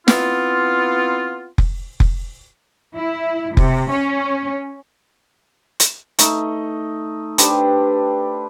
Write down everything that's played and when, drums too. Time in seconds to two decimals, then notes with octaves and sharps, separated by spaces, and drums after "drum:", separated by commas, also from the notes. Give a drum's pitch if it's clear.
0.08 B3 C4 E4 F4, drum: snare
1.58 drum: kick F1
2.00 drum: kick F1
2.96 E4
3.57 C3, drum: kick F1
3.91 C#4
5.80 drum: hi-hat
6.19 A3 D#4, drum: hi-hat
7.38 D4 G4 B4 C5, drum: hi-hat